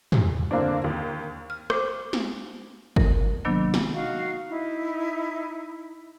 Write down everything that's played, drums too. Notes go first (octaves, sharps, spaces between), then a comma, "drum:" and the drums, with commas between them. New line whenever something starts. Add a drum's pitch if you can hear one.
drum: tom
D3 A#3 C4 D4
D#2
F6
C5 D6, drum: rim click
drum: snare
A#4, drum: kick
C3 D#3 F#3 A#3 B3 D4
drum: snare
D#4 F#4 F5
D#4 E4